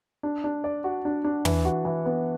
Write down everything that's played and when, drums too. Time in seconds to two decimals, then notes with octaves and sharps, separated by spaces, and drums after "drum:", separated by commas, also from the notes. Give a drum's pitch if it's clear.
0.23 D4
0.44 D4
0.64 D5
0.84 F#4
1.05 D4
1.24 D4
1.45 E3, drum: tom
1.65 F#4
1.85 E3
2.05 B3